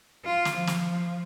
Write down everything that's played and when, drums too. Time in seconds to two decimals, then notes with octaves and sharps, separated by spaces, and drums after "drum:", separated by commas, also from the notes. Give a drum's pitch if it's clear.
0.25 F4
0.45 drum: snare
0.55 F3
0.67 drum: snare